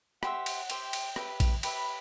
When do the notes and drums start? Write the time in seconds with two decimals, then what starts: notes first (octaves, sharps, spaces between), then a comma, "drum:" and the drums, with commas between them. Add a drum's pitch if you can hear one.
0.23 G4 C5 E5 F#5, drum: rim click
0.46 drum: cymbal
0.70 G4 C5 E5 G5, drum: cymbal
0.93 drum: cymbal
1.16 G4 B4 E5, drum: rim click
1.40 drum: kick A#1, cymbal
1.63 G4 B4 E5 B5, drum: cymbal